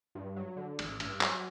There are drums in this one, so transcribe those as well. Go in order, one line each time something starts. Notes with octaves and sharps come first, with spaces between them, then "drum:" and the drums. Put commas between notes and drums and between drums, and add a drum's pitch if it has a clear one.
G2
F#3
D3
A1, drum: cymbal
G2, drum: cymbal
F#3, drum: clap